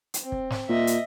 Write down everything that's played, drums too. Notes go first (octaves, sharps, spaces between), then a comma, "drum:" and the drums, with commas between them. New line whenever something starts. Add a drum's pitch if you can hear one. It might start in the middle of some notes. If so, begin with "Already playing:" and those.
drum: hi-hat
C4
drum: kick
drum: snare
A#2 D#5 E5
drum: hi-hat